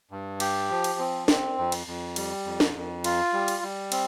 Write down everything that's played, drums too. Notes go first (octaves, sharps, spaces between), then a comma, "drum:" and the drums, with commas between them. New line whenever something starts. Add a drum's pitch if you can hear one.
G2
G4, drum: cymbal
F3
drum: cymbal
C4
C4, drum: snare
F2
drum: cymbal
F2
G3, drum: cymbal
F2
drum: snare
F2
F4, drum: cymbal
G3
drum: cymbal
G3
C4, drum: cymbal